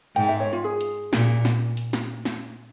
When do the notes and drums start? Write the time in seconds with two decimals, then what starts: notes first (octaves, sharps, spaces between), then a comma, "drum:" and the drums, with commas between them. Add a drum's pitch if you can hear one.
0.16 G#2 G5, drum: hi-hat
0.29 E5
0.40 C#5
0.53 F4
0.64 G#4
0.81 drum: hi-hat
1.13 A#2, drum: snare
1.45 drum: snare
1.77 drum: hi-hat
1.93 drum: snare
2.25 drum: snare